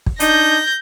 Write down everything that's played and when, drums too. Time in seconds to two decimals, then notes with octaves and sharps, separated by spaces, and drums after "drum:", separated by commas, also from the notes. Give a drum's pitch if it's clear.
0.06 drum: kick
0.20 D4 D#4 G6 A#6, drum: hi-hat